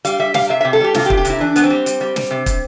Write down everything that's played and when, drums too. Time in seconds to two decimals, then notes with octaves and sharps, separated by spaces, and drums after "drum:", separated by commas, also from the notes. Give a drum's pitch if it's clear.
0.05 G3 F5, drum: hi-hat
0.20 G3 E5
0.34 G3 F5, drum: snare
0.49 C3 E5
0.61 C3 E5
0.73 A4
0.80 G3 G4
0.94 C3 F4, drum: snare
1.06 G4
1.10 C3, drum: kick
1.17 G4
1.25 C3 E4, drum: hi-hat
1.40 E3 D4
1.56 E3 B3, drum: hi-hat
1.64 C4
1.70 G3
1.86 G3, drum: hi-hat
2.01 G3
2.16 G3, drum: snare
2.31 C3
2.46 C3, drum: kick, hi-hat